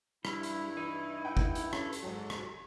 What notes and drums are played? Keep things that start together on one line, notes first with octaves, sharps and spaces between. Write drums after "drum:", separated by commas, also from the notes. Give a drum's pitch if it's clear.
G2 G3 E4, drum: rim click
drum: hi-hat
E3 D#4
F#5 G5
drum: kick F#1
drum: hi-hat
C#4 A4, drum: rim click
drum: hi-hat
G#2 F#3 G#3
drum: rim click